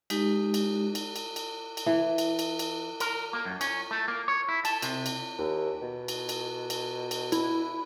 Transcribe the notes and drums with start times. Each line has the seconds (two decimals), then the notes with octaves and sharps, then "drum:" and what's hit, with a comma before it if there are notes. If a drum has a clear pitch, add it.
0.10 G#3 D#4 G4, drum: cymbal
0.54 drum: cymbal
0.95 drum: cymbal
1.16 drum: cymbal
1.36 drum: cymbal
1.77 drum: cymbal
1.86 E3
2.18 drum: cymbal
2.39 drum: cymbal
2.59 drum: cymbal
3.00 A#4, drum: cymbal
3.33 A#3
3.45 F#2
3.61 C#4, drum: cymbal
3.91 A3
4.08 A#3
4.28 C#5
4.49 E4
4.65 A5, drum: cymbal
4.82 C3, drum: cymbal
5.06 drum: cymbal
5.38 D#2
5.82 B2
6.08 drum: cymbal
6.29 drum: cymbal
6.70 drum: cymbal
7.11 drum: cymbal
7.32 E4, drum: cymbal